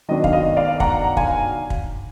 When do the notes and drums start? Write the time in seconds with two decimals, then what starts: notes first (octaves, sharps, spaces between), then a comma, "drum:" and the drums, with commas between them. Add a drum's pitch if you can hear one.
0.08 D#3 F#3 B3 D4 D#5
0.24 F5, drum: kick
0.33 D#5
0.57 D5 F5
0.80 F#5 A#5, drum: kick
1.17 F5 G#5, drum: kick
1.70 drum: kick